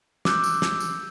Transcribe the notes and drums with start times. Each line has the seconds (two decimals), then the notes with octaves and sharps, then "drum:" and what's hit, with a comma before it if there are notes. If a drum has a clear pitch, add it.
0.25 D6 E6 F#6 G6, drum: snare
0.44 drum: tambourine
0.62 drum: snare
0.80 drum: tambourine